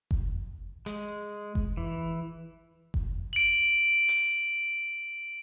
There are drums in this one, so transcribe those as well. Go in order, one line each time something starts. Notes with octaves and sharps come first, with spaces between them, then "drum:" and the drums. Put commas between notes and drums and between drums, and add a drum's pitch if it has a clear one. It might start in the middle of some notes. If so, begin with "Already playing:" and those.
drum: kick F#1
G#3, drum: hi-hat
drum: kick F#1
E3
drum: kick F#1
D7 F#7
drum: hi-hat